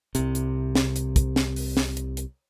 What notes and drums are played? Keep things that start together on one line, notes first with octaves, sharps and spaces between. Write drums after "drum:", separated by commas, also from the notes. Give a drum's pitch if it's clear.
C2 C3, drum: hi-hat
drum: hi-hat
drum: snare
drum: hi-hat
drum: kick, hi-hat
drum: snare
drum: open hi-hat
drum: snare
drum: hi-hat
drum: hi-hat